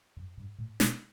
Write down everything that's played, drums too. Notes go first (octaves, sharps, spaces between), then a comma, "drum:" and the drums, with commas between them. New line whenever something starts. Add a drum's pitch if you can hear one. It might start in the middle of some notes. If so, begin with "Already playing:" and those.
F#2
G2
A2
B2, drum: snare